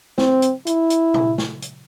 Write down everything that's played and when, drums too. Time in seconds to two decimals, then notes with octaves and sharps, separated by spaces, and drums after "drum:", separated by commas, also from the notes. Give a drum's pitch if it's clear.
0.18 C4, drum: snare
0.42 drum: hi-hat
0.67 E4, drum: hi-hat
0.90 drum: hi-hat
1.14 drum: tom A#2
1.38 drum: snare
1.62 drum: hi-hat